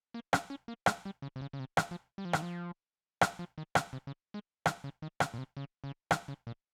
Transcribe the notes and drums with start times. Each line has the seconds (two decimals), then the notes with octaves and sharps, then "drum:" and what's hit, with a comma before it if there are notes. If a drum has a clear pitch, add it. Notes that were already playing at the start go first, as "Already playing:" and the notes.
0.14 A#3
0.33 C#4, drum: rim click
0.50 C#4
0.68 A#3
0.86 G#3, drum: rim click
1.05 G3
1.22 C#3
1.36 C3
1.41 C#3
1.53 C#3
1.59 C3
1.77 D#3, drum: rim click
1.91 F3
2.18 G3
2.25 F3
2.33 D#3, drum: rim click
2.42 F3
3.21 drum: rim click
3.39 F3
3.58 D#3
3.75 C#3, drum: rim click
3.93 C3
4.07 C#3
4.34 G#3
4.66 D#3, drum: rim click
4.84 C#3
5.02 D#3
5.20 C#3, drum: rim click
5.34 A#2
5.38 C3
5.57 C#3
5.84 C#3
6.11 D#3, drum: rim click
6.28 C#3
6.47 A#2